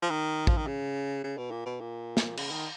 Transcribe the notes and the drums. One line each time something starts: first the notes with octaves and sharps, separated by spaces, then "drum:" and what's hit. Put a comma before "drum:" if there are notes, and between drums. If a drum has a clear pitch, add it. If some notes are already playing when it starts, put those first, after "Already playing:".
F3
D#3
F3, drum: kick
D#3
C#3
C#3
B2
A#2
B2
A#2
drum: snare
C#3, drum: cymbal
D#3